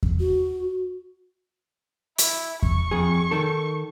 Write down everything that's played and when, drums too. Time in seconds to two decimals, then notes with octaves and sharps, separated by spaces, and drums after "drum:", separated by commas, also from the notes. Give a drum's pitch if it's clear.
0.03 drum: kick E2
0.20 F#4
2.18 E4, drum: hi-hat
2.63 C#6, drum: kick E2
2.91 F2 G#4
3.31 D#3 A4